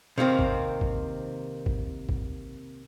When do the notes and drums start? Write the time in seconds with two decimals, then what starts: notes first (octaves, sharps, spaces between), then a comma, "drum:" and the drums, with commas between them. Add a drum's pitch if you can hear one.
0.18 C3 D#3 A#3 C4
0.39 drum: kick
0.81 drum: kick
1.66 drum: kick
2.09 drum: kick